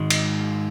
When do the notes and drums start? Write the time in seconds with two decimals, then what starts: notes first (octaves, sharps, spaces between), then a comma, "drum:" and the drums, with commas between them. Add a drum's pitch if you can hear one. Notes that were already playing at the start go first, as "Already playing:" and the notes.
Already playing: G#2 D#3 G#3
0.10 drum: cymbal